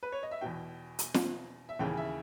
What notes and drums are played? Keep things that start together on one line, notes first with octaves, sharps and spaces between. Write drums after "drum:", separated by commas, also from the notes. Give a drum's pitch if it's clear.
B4
C#5
D#5
E5
E2 B2 G5
drum: hi-hat
drum: snare
E5
D#2 C#3 E3 G5
E5